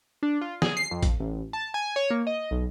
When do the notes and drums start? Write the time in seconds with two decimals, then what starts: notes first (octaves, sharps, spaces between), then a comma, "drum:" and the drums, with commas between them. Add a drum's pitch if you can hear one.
0.23 D4
0.41 F4
0.62 G#4, drum: snare
0.77 C7
0.91 F2
1.03 drum: kick, hi-hat
1.20 A1
1.53 A5
1.74 G#5
1.96 C#5
2.10 A#3
2.27 D#5
2.51 B1